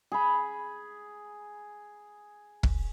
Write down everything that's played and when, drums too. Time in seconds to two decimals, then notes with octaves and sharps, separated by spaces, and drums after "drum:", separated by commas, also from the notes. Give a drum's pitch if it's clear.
0.12 G#4 B5
2.63 drum: kick